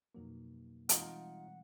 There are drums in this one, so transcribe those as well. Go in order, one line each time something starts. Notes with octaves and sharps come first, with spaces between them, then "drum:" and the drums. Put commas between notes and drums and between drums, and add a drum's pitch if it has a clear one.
F2 B2 F#3 A#3 D#4
E3 G#3 C4 D#4 F4 F#5, drum: hi-hat
G3